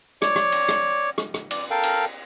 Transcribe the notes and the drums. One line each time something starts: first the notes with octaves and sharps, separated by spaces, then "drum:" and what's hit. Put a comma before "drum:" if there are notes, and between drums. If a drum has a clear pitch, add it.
C#5 D5, drum: rim click
drum: rim click
drum: cymbal
drum: rim click
drum: rim click
drum: rim click
D5, drum: cymbal
A4 A#4 F5 G5
drum: cymbal